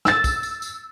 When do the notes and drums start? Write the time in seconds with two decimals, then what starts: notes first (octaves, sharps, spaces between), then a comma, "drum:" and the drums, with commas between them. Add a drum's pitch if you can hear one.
0.05 E6 A6, drum: snare
0.24 drum: kick, tambourine
0.43 drum: tambourine
0.62 drum: tambourine